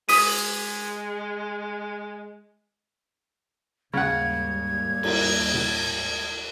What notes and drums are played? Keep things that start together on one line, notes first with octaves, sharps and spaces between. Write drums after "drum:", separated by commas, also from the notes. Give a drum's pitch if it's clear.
G#3 D#6 B6 D#7, drum: open hi-hat
D#2 G#2 C#3 G3 F#5 G#6
drum: cymbal
drum: tom A2